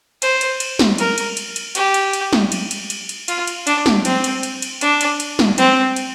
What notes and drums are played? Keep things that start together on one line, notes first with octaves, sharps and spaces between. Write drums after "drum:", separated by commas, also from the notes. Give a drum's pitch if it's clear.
C5, drum: cymbal
drum: cymbal
drum: cymbal
drum: snare
A#4, drum: cymbal
drum: cymbal
drum: cymbal
drum: cymbal
G4, drum: cymbal
drum: cymbal
drum: cymbal
drum: snare
drum: cymbal
drum: cymbal
drum: cymbal
drum: cymbal
F4, drum: cymbal
drum: cymbal
D4, drum: cymbal
drum: snare
C4, drum: cymbal
drum: cymbal
drum: cymbal
drum: cymbal
D4, drum: cymbal
drum: cymbal
drum: cymbal
drum: snare
C4, drum: cymbal
drum: cymbal